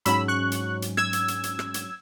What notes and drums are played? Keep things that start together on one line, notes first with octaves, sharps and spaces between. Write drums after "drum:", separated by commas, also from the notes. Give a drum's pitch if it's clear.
G#2 F#3 C#4 B5 E6, drum: hi-hat
C#6 F#6
drum: hi-hat
drum: hi-hat
E6 G#6, drum: rim click
drum: hi-hat
drum: hi-hat
drum: hi-hat
drum: rim click
drum: hi-hat